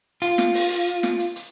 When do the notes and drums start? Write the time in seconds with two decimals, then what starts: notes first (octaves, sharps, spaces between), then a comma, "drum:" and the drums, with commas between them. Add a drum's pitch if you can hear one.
0.22 F4, drum: hi-hat
0.38 drum: snare
0.54 drum: open hi-hat
0.71 drum: hi-hat
0.87 drum: hi-hat
1.03 drum: snare
1.19 drum: hi-hat
1.36 drum: hi-hat